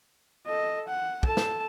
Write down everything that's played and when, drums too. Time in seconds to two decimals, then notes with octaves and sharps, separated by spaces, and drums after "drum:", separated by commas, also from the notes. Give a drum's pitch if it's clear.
0.47 A4 D#5
0.88 F#5
1.23 A4 A5, drum: kick
1.37 drum: snare